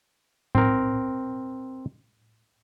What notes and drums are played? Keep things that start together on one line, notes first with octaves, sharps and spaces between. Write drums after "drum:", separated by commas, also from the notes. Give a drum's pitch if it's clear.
C4 A#4, drum: tom A2